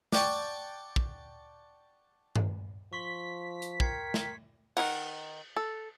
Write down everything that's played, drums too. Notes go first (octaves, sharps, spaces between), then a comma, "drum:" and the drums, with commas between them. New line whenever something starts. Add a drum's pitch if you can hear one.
D5 F#5 G5 A5 C#6, drum: snare
drum: kick
drum: tom G2
F3 C6 C#6 B6
drum: hi-hat
A#4 G5 G#6 C7 C#7, drum: kick
drum: snare
D#3 F4 A#4 F#5, drum: cymbal
A4